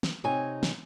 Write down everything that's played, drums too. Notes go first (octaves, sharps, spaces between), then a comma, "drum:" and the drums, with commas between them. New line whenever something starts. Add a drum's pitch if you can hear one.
drum: snare
C3 D#4 C#5 G#5
drum: snare